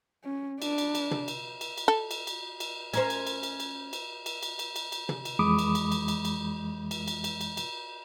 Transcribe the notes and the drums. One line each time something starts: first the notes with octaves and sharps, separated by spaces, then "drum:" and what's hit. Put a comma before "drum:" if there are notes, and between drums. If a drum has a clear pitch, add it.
C#4
D4, drum: cymbal
drum: cymbal
drum: cymbal
drum: tom
drum: cymbal
drum: cymbal
drum: cymbal
A4
drum: cymbal
drum: cymbal
drum: cymbal
C#4 A#4 C5, drum: cymbal
drum: cymbal
drum: cymbal
drum: cymbal
drum: cymbal
drum: cymbal
drum: cymbal
drum: cymbal
drum: cymbal
drum: cymbal
drum: cymbal
drum: tom
drum: cymbal
F2 E3 G#3 B5 D6 D#6
drum: cymbal
drum: cymbal
drum: cymbal
drum: cymbal
drum: cymbal
drum: cymbal
drum: cymbal
drum: cymbal
drum: cymbal
drum: cymbal